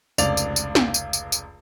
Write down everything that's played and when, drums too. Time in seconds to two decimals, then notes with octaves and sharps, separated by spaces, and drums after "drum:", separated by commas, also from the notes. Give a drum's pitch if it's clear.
0.18 F1 C#2 D5 F7, drum: tambourine
0.37 drum: tambourine
0.56 drum: tambourine
0.75 drum: snare A#3
0.94 drum: tambourine
1.13 drum: tambourine
1.32 drum: tambourine